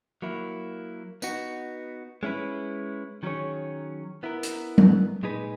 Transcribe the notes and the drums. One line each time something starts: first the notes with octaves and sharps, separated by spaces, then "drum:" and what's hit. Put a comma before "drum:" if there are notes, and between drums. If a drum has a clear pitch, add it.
F#3 A#3 E4
B3 D#4 F#4, drum: tambourine
G#3 C#4 E4 B4
D#3 F#3 C#4 G#4 C#5
B3 E4 A#4
drum: hi-hat
drum: tom F#3
A#2 G#3 D#4 G#4 B4